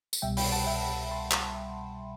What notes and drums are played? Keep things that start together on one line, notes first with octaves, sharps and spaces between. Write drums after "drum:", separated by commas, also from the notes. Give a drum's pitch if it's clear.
drum: tambourine
C2 B2 G3 E5 G5
G5 B5, drum: open hi-hat
F#5 A5
E5 G5
G5 B5
A5 C6
drum: clap